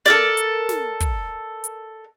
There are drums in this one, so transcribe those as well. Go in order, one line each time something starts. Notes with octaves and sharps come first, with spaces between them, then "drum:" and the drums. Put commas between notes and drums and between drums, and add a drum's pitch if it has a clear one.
A4 A#4 D5, drum: snare
drum: hi-hat
drum: snare
drum: kick, hi-hat
drum: hi-hat